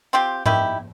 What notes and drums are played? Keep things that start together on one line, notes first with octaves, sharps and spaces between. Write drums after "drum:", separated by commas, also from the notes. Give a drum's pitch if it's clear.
C4 F4 G4
D#3 E4 G4, drum: tom G#2